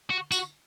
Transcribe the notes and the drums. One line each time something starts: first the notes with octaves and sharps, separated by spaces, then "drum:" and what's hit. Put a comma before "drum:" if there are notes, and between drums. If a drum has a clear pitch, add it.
F#4
F#4, drum: tambourine